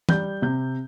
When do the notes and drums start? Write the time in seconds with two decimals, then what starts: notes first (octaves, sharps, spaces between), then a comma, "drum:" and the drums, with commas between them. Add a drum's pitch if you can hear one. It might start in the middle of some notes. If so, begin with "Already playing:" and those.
0.09 G3 G6, drum: tom
0.42 C3 G6